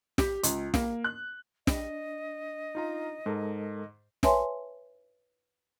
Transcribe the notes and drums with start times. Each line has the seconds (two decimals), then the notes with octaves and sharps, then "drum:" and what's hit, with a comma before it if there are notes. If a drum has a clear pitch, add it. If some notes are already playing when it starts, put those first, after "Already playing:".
0.18 G4, drum: snare
0.43 C#2, drum: hi-hat
0.74 A#3, drum: snare
1.04 F#6
1.67 D4 D#5, drum: snare
2.75 D#4 F4 A#5
3.26 G#2 G#3 A4 A#4
4.23 B4 C#5 E5 G#5 A5 C6, drum: snare